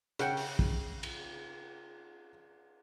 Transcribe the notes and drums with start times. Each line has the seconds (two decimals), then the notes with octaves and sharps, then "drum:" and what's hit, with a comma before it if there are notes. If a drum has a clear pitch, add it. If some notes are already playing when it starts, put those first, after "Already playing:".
0.19 C#3 F#5 G5, drum: hi-hat
0.37 drum: open hi-hat
0.59 drum: kick
1.03 drum: cymbal